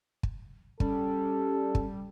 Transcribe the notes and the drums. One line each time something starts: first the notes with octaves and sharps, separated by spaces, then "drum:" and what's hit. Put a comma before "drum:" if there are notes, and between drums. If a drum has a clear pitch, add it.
drum: kick
G3 C#4 A4, drum: kick
drum: kick